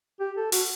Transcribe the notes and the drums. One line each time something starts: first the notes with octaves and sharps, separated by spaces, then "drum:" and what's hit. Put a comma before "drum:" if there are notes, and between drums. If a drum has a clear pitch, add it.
G4
A4
F#4, drum: open hi-hat